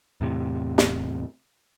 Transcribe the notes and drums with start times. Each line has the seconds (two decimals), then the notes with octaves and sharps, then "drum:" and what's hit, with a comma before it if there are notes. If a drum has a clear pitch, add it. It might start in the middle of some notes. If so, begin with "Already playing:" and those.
0.21 E2 A2 C3
0.78 drum: snare